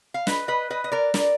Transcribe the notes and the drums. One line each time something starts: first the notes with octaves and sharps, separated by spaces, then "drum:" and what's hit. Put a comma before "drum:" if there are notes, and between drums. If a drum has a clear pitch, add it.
F5
B4 D#5, drum: snare
B4 D#5
B4 D#5
D#5
A#4 D5
A#4 D5, drum: snare